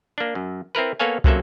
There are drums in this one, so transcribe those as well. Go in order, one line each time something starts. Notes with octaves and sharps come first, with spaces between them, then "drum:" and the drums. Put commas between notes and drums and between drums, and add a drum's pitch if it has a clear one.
A#3 D4
F#2
C4 E4 A#4 B4
A#3 B3 A4 C#5 F5 G#5
F#2 C3 F#3 A#3 A4 E5, drum: kick